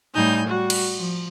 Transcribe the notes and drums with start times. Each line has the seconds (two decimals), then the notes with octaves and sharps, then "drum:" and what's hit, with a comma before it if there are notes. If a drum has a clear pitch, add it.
0.14 A2 G3 D#4 G#5 G6
0.47 G3 F#4
0.70 drum: cymbal
0.96 F3